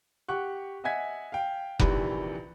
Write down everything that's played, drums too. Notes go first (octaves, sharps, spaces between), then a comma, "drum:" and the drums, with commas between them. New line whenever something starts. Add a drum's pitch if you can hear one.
G4 F#5 C#6 F#6
D#5 E5 F#5 G#5 G#6 B6
F5 G5
A#1 C3 D#3 E3 B4, drum: kick F1